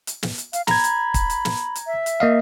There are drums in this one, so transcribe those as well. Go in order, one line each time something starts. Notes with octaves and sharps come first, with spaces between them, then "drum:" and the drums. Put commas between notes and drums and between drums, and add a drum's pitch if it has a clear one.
drum: hi-hat
drum: snare
drum: hi-hat
F5, drum: hi-hat
A#5 B5 G#6, drum: snare
drum: hi-hat
drum: kick, hi-hat
drum: hi-hat
drum: snare
drum: hi-hat
E5
drum: hi-hat
A#3 D#5 F5